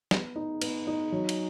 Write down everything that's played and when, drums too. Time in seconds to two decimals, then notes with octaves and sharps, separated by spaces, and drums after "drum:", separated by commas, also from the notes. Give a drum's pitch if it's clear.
0.11 B3, drum: snare
0.36 D#4
0.62 B3, drum: cymbal
0.87 D#4
1.12 F#3
1.29 drum: cymbal